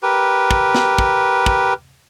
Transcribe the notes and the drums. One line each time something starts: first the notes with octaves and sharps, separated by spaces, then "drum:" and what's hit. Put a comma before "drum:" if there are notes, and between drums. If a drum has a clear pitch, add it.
G4 A#4 B4
drum: kick
drum: snare
drum: kick
drum: kick